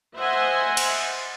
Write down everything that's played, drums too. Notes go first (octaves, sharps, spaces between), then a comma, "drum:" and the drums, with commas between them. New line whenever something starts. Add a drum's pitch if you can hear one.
C5 D#5 E5 F#5 G#5 C6
drum: cymbal